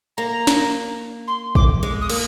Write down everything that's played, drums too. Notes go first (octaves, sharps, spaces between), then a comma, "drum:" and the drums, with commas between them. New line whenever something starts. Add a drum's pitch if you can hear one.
A#3 A#5
drum: snare
C6
D6, drum: kick
G#3 D6
D#6
A#3, drum: cymbal